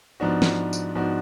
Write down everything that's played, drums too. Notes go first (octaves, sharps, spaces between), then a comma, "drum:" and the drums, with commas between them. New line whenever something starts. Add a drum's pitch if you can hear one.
G#2 F3 B3 D4 F#4
drum: snare
drum: tambourine
G#2 F3 B3 D4 F#4